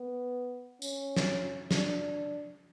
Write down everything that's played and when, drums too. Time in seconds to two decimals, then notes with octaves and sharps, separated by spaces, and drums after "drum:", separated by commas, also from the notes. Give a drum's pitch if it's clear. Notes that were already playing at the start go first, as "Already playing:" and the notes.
Already playing: B3
0.82 C#4, drum: tambourine
1.16 drum: snare
1.71 D4, drum: snare